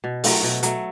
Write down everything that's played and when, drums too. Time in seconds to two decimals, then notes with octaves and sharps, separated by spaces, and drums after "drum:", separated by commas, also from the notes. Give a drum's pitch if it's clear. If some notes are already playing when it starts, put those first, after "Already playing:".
0.04 B2
0.24 F#3 A3, drum: open hi-hat
0.43 B2
0.63 F#3 A3, drum: hi-hat